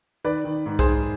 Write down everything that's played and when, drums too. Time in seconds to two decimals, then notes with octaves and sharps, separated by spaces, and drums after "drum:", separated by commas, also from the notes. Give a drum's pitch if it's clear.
0.24 D#3 B4 D5
0.45 D#3
0.66 G#2
0.79 G#4 C5, drum: kick B1
0.86 G#2